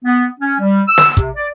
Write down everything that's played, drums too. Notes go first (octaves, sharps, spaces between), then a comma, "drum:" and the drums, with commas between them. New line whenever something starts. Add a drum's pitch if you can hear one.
B3
C#4
G3
E6
drum: snare
C3, drum: kick, hi-hat
D5